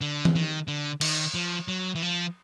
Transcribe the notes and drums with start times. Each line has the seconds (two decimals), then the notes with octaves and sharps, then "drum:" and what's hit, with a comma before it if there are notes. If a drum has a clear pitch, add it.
0.01 D3
0.25 drum: tom E3
0.35 D#3
0.68 D3
1.01 D#3, drum: cymbal
1.34 F3
1.68 F#3
1.95 E3
2.02 F3